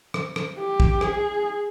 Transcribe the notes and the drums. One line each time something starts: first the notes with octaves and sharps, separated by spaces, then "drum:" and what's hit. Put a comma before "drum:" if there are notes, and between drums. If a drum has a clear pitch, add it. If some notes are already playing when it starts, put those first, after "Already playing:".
drum: rim click
drum: rim click
G4
drum: kick
G#4, drum: rim click